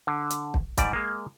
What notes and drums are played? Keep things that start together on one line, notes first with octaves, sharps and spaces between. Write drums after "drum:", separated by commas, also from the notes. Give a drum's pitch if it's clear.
D3
drum: hi-hat
drum: kick
G#2 G3 D5, drum: kick, hi-hat
G#3 A#3